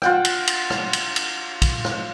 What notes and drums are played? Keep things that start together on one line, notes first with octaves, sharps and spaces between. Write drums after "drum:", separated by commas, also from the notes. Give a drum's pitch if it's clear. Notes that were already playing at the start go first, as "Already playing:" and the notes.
F4 F#5 G5, drum: rim click
drum: cymbal
drum: cymbal
drum: rim click
drum: cymbal
drum: cymbal
drum: kick, cymbal
drum: rim click